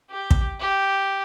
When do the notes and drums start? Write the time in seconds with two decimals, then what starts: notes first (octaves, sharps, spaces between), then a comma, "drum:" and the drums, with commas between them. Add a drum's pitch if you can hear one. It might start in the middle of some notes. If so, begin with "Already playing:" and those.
0.10 G4
0.31 drum: kick
0.60 G4